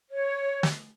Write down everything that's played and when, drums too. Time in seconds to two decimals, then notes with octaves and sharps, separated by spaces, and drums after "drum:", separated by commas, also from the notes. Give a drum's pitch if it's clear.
0.10 C#5
0.63 drum: snare